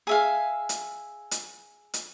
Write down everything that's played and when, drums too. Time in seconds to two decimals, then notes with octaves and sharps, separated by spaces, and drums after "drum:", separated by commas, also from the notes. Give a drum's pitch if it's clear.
0.07 G#4 E5 F5
0.69 drum: hi-hat
1.31 drum: hi-hat
1.94 drum: hi-hat